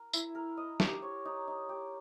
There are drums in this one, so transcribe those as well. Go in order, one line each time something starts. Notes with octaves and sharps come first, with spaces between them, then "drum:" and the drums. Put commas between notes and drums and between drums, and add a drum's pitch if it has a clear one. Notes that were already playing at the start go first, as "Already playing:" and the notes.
Already playing: A#4
E4, drum: tambourine
A#4
D#5
G4, drum: snare
C#5
D#4
D#4
G4